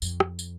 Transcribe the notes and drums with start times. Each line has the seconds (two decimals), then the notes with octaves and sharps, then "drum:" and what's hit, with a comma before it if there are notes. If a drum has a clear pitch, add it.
0.02 F2, drum: tambourine
0.20 drum: rim click
0.39 drum: tambourine